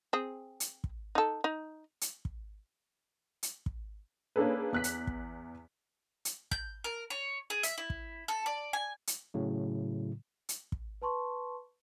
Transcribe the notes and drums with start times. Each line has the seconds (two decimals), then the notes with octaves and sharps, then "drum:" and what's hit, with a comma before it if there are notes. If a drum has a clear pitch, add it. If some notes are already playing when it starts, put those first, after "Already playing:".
0.13 C4 G#4
0.60 drum: hi-hat
0.84 drum: kick
1.15 D#4 A4
1.44 D#4
2.01 drum: hi-hat
2.25 drum: kick
3.43 drum: hi-hat
3.66 drum: kick
4.36 A#3 C#4 D4 G#4 A4 B4
4.72 E2 F#6 B6
4.84 drum: hi-hat
5.07 drum: kick
6.25 drum: hi-hat
6.51 G6, drum: kick
6.84 A#4
7.10 C#5
7.50 G#4
7.63 E5, drum: hi-hat
7.78 E4
7.90 drum: kick
8.28 A4
8.46 D5
8.73 G#5
9.07 drum: hi-hat
9.34 A2 C#3 F#3
10.49 drum: hi-hat
10.72 drum: kick
11.02 B4 A5 C6 C#6